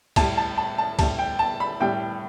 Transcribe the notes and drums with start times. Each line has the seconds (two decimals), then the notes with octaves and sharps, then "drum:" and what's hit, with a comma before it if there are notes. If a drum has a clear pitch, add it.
0.16 A2 G3 A5, drum: kick C#2, cymbal
0.37 A5
0.58 A5
0.78 A5
0.99 A2 G3 A5, drum: kick C#2, cymbal
1.19 G5
1.39 A5
1.60 B5
1.80 A2 G3 G5